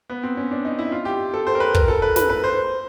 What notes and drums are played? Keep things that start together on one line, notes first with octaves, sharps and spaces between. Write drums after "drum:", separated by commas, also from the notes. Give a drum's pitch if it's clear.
B3
C4
C#4
D4
D#4
E4
F4
G4
A4
C5
A#4
B4
A#4, drum: kick
A4
B4
B4, drum: snare
B4
C5